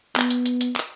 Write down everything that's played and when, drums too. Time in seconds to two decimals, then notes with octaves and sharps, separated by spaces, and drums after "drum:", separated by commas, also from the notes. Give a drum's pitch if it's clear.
0.16 B3, drum: clap
0.30 drum: hi-hat
0.46 drum: hi-hat
0.61 drum: hi-hat
0.76 drum: clap